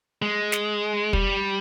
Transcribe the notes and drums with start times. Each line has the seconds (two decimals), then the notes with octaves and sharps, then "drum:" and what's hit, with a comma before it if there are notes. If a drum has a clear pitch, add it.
0.22 G#3
0.52 drum: snare
1.13 G3, drum: kick